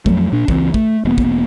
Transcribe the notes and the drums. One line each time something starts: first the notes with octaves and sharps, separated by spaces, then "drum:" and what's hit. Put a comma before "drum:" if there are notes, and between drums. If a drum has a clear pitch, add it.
F2 F3 F#3 A3, drum: kick
A#2 D4
C#2 E3 G3 C4, drum: kick
A3, drum: kick
E1 A#3 B3
drum: kick